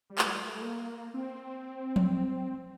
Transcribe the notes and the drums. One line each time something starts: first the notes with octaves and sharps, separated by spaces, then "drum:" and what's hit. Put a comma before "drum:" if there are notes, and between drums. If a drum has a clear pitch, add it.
G3
A3, drum: clap
G3
A3
A#3
C4
drum: tom F3